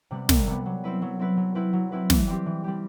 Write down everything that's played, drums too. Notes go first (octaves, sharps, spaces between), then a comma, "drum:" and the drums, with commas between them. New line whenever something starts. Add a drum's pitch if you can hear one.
C3 G3 B3
C2, drum: snare
C3 G3 B3
F#3
C4 E4 B4
F#3
C4 E4 B4
F#3
C4 E4 B4
F#3
C4 E4 B4
E3, drum: snare
G3 C4 G4
E3
G3 C4 G4